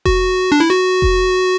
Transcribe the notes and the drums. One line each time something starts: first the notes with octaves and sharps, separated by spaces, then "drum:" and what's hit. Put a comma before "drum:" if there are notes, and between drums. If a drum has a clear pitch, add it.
F#4, drum: kick F1
D4
E4
F#4
drum: kick F1